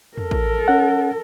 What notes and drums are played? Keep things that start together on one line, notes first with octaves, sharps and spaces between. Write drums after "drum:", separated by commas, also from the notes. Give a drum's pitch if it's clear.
A4 A#4, drum: tom E2
drum: kick
C#4 F#5